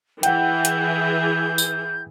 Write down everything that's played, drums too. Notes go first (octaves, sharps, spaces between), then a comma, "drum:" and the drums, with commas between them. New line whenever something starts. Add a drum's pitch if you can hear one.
E3 G#4 F#5 G5 G6, drum: hi-hat
drum: hi-hat
drum: tambourine